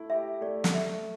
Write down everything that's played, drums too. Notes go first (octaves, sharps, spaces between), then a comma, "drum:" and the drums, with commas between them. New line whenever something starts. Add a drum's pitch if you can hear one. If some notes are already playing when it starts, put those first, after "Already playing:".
Already playing: A3 E4
G4 E5
A3 D5
drum: snare
A3 E5